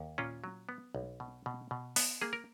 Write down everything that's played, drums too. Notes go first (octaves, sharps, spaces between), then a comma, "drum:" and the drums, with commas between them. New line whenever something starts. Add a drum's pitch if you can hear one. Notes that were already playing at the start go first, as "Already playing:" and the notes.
Already playing: D#2
A#2 C#4 F4
F#3
B3
B1
B2
B2
B2
B3, drum: open hi-hat
A#3 G#4
A#4